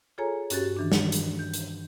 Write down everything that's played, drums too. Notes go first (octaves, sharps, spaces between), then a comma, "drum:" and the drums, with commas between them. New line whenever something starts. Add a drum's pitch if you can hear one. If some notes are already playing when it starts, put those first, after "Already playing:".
F4 G#4 A4 C#5 G#5 A#5
G2 C#4 F#4 G4 A6, drum: hi-hat
D#3 E3 D4
drum: snare
drum: hi-hat
G6
drum: hi-hat